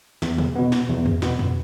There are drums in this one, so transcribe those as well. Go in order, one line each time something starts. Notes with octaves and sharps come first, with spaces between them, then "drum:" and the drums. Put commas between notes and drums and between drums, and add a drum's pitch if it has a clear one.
E2, drum: snare
drum: tom B2
B2 B3
drum: snare
E2
drum: tom E2
B2 B3, drum: snare
drum: tom E2